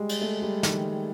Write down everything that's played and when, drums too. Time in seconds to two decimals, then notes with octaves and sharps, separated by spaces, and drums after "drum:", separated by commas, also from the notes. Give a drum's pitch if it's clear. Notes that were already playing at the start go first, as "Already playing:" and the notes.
Already playing: G3 G#3
0.09 drum: cymbal
0.21 A3
0.42 G3
0.63 D#3, drum: snare